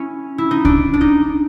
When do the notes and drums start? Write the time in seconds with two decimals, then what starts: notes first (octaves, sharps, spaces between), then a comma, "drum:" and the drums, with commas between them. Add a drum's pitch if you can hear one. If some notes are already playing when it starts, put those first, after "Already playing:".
Already playing: C#4 E4
0.38 E4
0.51 D#4
0.65 D4, drum: kick C#2
0.94 D4
1.01 D#4